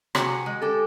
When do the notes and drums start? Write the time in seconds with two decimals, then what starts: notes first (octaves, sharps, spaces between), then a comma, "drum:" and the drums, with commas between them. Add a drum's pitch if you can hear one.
0.15 C3 F#4 G#4, drum: rim click
0.46 G#3
0.62 G4 A4